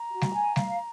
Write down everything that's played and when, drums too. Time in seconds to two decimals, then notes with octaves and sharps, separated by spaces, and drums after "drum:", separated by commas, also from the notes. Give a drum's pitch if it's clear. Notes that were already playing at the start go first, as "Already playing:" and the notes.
Already playing: A#5
0.11 F#4
0.21 drum: snare G3
0.34 G#5
0.56 F5, drum: snare G3